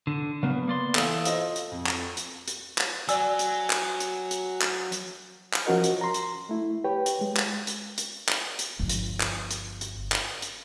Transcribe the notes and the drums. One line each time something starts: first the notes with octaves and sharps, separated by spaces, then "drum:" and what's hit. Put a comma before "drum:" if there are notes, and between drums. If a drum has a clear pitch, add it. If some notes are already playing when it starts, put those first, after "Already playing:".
D3
C#3 F#3 A#3 B3
A#3 D5 C6
E3 A4 F5 D#6, drum: clap
F4 C5 D#5, drum: hi-hat
drum: hi-hat
F2
drum: clap
drum: hi-hat
drum: hi-hat
drum: clap
F#3 D5 G#5 E6, drum: hi-hat
drum: hi-hat
drum: clap
drum: hi-hat
drum: hi-hat
drum: clap
drum: hi-hat
drum: clap
F3 C#4 F#4 A#4 D#5 F6
drum: hi-hat
A#5 C6
drum: hi-hat
A3 E4
G4 B4 C#5 G5
drum: hi-hat
G#3
drum: clap
drum: hi-hat
drum: hi-hat
drum: clap
drum: hi-hat
G1 F3
drum: hi-hat
drum: clap
drum: hi-hat
drum: hi-hat
drum: clap
drum: hi-hat